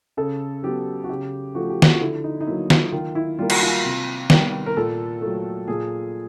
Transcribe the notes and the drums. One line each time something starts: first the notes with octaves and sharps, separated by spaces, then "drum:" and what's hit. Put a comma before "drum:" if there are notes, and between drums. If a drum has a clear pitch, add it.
C#3 A4
F#3 B3 G4
F#4
C#3 G4
F3 A3 F#4
G4
F#4, drum: snare
F4
D3 E4
D#4
D#4
F#3 A#3 E4
F4, drum: snare
D#3 F4
E4
G3 A#3 F4
F#4, drum: cymbal
F4
C3
D#3 G3 B3, drum: snare
A#4
A#2 A4
F#3 A3
A#2 G#4